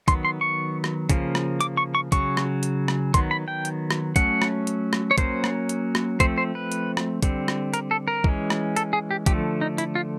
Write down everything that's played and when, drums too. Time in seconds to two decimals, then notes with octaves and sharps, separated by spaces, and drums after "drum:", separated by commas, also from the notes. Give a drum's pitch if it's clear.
0.08 D#3 F#3 B3 C6, drum: kick, hi-hat
0.25 C6
0.41 C#6
0.84 drum: rim click
1.10 C#3 F3 A#3, drum: kick, hi-hat
1.35 drum: rim click
1.61 D6, drum: hi-hat
1.77 C#6
1.95 C#6
2.12 C#3 F#3 C#6, drum: kick, hi-hat
2.37 drum: rim click
2.63 drum: hi-hat
2.88 drum: rim click
3.14 D#3 F#3 B3 C6, drum: kick, hi-hat
3.31 B5
3.48 G5
3.65 drum: hi-hat
3.91 drum: rim click
4.16 F#3 A3 C#4 F#5, drum: kick, hi-hat
4.42 drum: rim click
4.67 drum: hi-hat
4.93 drum: rim click
5.11 C#5
5.18 F#3 A#3 C#4 C5, drum: kick, hi-hat
5.44 drum: rim click
5.69 drum: hi-hat
5.95 drum: rim click
6.20 F3 A3 C4 C5, drum: kick, hi-hat
6.38 C5
6.55 B4
6.72 drum: hi-hat
6.97 drum: rim click
7.23 D3 G3 C4, drum: kick, hi-hat
7.48 drum: rim click
7.74 A#4, drum: hi-hat
7.91 A4
8.08 A#4
8.24 E3 G#3 C#4, drum: kick
8.50 drum: rim click
8.76 A4, drum: hi-hat
8.93 G#4
9.11 G4
9.26 D3 F3 A3 G4, drum: kick, hi-hat
9.61 D#4
9.78 E4, drum: hi-hat
9.95 F4